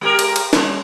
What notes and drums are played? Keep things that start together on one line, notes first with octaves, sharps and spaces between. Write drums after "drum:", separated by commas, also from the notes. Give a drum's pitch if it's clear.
G#3 G4 A#4
drum: cymbal
drum: cymbal
G3 C#4, drum: snare